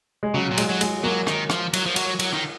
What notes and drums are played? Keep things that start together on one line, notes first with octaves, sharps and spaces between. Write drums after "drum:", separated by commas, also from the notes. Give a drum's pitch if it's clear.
G#3
C#3 F#3
A#2
G#3, drum: cymbal
F#3
G#3, drum: cymbal
F#3 A#3
D#3, drum: rim click
F3, drum: rim click
F#3, drum: cymbal
F3
F#3, drum: cymbal
F#3, drum: cymbal
D#3